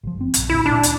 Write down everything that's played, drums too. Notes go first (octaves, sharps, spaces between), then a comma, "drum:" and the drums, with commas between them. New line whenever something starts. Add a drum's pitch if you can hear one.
G#1 F3
G1 C4
A#1, drum: hi-hat
D2 A2 E4
G#1 D2 A#2 D4
drum: hi-hat